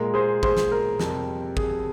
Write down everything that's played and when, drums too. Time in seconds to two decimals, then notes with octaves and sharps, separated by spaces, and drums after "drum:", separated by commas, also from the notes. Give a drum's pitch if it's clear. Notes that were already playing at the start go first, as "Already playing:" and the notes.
Already playing: A#2 G#3 A#4
0.14 G#4 C5
0.43 G#4 C5, drum: kick G#1
0.57 drum: snare
0.72 A#4
1.00 F2 C3 G3, drum: snare
1.57 G#4, drum: kick G#1